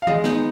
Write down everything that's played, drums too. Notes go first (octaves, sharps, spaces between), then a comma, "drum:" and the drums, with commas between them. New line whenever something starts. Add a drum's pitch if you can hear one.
F5
G#3 D#5, drum: tom D#3
B3 D#4, drum: snare